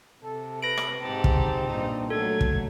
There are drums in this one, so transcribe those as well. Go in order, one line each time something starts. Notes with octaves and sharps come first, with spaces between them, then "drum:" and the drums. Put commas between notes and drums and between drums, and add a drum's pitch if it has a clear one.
C3 A4
B4 A#6 D7 F#7
drum: rim click
G#2 C4 D#4 G4 A5
drum: kick
G2 A#2 D#4
F#3 A3 A4 G#6
drum: kick